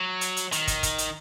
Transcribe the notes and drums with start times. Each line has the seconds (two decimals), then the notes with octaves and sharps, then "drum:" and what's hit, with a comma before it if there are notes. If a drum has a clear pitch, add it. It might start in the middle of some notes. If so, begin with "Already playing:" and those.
Already playing: F#3
0.21 drum: hi-hat
0.37 drum: hi-hat
0.52 D#3, drum: hi-hat
0.67 drum: kick, hi-hat
0.83 drum: kick, hi-hat
0.98 drum: hi-hat